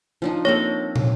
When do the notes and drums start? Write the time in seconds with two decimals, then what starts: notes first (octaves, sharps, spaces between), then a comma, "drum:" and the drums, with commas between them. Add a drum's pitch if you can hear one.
0.22 F3 D4 D#4
0.45 A#3 C4 A4 C#5 C#6 A#6
0.96 drum: tom